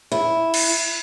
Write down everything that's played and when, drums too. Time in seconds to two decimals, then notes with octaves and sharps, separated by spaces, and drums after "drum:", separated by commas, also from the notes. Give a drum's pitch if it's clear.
0.12 E4
0.54 drum: cymbal